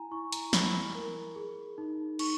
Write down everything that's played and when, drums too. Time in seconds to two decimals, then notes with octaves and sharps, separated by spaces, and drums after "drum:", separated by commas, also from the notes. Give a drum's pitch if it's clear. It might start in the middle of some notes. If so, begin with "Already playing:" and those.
Already playing: E4 G#5 A#5
0.11 E4 C#6
0.32 A#5, drum: hi-hat
0.53 E4 B5, drum: snare
0.95 A#4
1.36 G#4
1.78 D#4
2.19 D#4 C#6, drum: cymbal